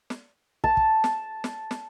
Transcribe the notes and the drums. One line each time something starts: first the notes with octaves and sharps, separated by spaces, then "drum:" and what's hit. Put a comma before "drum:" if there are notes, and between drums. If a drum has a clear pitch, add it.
drum: snare
A5, drum: kick
drum: kick
drum: snare
drum: snare
drum: snare